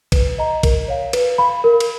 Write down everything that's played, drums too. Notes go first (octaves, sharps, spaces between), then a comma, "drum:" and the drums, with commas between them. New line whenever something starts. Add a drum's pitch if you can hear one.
B4, drum: kick A#1, cymbal
D#5 A#5
A#4, drum: kick A#1, cymbal
C#5 F5
B4, drum: cymbal
F5 B5
A#4
drum: cymbal